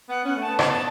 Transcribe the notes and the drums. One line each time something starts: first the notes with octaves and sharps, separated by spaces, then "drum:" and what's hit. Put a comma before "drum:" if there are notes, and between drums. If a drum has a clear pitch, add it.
B3 F#5
C#4 F#5
A3
A5
B3
A5, drum: rim click
A5